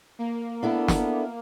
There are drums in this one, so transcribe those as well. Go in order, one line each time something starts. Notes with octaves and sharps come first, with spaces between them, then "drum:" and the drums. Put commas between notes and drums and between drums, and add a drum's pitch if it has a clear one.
A#3
B3 D4 E4 A4
drum: snare